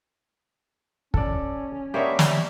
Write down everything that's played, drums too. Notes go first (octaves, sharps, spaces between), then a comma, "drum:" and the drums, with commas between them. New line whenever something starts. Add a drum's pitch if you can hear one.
C#4 A4 D5, drum: kick
A#3 B3 D4 G4 C#5 D#5 E5
drum: snare